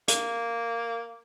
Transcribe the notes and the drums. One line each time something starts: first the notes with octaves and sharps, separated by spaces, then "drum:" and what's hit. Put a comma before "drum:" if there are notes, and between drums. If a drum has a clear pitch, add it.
A#3, drum: hi-hat